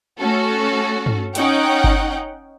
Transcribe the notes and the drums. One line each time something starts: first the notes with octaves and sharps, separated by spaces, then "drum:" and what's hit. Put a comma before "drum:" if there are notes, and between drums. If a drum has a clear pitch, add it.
A3 C#4 F#4 A4
drum: tom G2
C#4 D#4 F#5 G5, drum: hi-hat
drum: kick G1